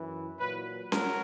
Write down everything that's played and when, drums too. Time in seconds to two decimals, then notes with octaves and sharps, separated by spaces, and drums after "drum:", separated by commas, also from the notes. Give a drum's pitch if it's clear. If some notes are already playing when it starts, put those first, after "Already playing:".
Already playing: F#2 E3
0.39 A#2 F#3 B4
0.92 F#3 A#4, drum: snare C#4